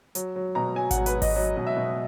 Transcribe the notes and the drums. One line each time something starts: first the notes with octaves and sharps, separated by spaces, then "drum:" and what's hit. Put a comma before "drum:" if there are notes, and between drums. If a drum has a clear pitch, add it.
F#3, drum: hi-hat
F#3
B2 A#5
F#3 G#5
F#5, drum: kick G#1, hi-hat
F#3
B4, drum: hi-hat
F#3
D#5, drum: kick G#1, open hi-hat
F#3 D#5
B2
E5
B2